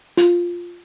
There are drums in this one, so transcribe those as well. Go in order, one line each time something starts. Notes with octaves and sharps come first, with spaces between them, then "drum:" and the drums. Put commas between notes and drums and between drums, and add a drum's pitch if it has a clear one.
F4, drum: hi-hat